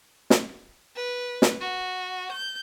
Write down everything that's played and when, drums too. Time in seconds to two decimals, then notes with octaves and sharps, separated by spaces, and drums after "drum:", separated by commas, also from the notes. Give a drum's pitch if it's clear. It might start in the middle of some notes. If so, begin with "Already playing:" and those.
0.30 drum: snare
0.96 B4
1.42 drum: snare
1.61 F#4
2.32 G6